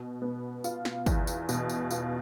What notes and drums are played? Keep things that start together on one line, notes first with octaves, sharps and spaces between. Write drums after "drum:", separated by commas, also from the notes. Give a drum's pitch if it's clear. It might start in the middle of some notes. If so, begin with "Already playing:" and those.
Already playing: B2
B3
F4, drum: tambourine
drum: snare
E2, drum: kick, tambourine
drum: tambourine
B2, drum: tambourine
drum: tambourine
F4, drum: tambourine